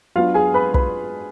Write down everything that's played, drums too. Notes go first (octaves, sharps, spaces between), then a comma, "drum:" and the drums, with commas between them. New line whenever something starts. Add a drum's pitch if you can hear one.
F#3 B3 D4 F4 F5
G#4 G#5
B4 B5
B4 B5, drum: kick